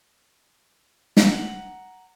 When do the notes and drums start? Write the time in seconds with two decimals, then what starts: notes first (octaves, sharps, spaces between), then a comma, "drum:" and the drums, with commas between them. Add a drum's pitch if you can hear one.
1.17 F#5 A#5, drum: snare